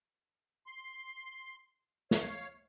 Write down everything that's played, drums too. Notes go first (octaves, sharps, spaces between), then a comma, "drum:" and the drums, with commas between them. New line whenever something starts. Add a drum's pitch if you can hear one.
C6
C#5 F5, drum: snare